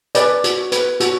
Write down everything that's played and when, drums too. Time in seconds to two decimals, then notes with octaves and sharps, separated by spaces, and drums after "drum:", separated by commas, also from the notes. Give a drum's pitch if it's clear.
0.15 B4 D5, drum: hi-hat
0.44 F#4, drum: hi-hat
0.72 B4, drum: hi-hat
1.00 F#4, drum: hi-hat